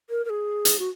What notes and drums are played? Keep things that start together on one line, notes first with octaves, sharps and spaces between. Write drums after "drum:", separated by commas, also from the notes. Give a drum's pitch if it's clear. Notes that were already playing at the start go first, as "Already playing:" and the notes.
A#4
A#4
G#4
drum: hi-hat
F#4